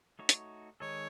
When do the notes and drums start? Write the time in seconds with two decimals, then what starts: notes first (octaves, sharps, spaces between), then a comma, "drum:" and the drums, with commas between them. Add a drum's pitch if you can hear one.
0.19 A3 D#4 F#4 C#5
0.29 drum: hi-hat
0.80 D#3 G#3 D#4 A4 C#5